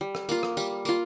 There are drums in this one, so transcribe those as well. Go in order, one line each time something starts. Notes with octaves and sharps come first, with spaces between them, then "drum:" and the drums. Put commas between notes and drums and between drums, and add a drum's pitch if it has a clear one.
G3
drum: rim click
A#3 F4, drum: tambourine
drum: rim click
G3, drum: tambourine
A#3 F4, drum: tambourine